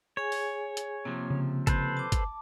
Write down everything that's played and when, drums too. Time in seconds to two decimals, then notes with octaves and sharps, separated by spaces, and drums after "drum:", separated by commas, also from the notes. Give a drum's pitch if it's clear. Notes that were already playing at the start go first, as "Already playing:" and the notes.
0.17 G#4 C#5 G#5
0.32 drum: open hi-hat
0.77 drum: hi-hat
1.05 C3 F3 A#3
1.30 C#3
1.67 A4 B4 C5, drum: kick G1, hi-hat
1.97 A5 D6
2.12 drum: kick G1, hi-hat